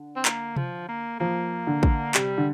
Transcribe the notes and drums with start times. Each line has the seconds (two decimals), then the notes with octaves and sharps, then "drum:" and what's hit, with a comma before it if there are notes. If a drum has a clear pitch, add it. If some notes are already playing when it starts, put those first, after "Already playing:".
Already playing: D3
0.16 C4
0.25 A#3, drum: clap
0.56 F3, drum: tom C3
0.88 A#3
1.20 F3 A#3
1.67 D3
1.83 drum: kick
2.14 C3 G3, drum: clap
2.38 D3